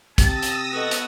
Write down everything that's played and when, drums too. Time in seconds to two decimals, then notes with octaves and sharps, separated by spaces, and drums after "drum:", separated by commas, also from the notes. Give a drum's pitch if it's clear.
0.18 C3 G4 A5 D#6 E6 A#6, drum: kick, hi-hat
0.42 drum: hi-hat
0.72 B3 F#4 A4 D#5
0.91 drum: hi-hat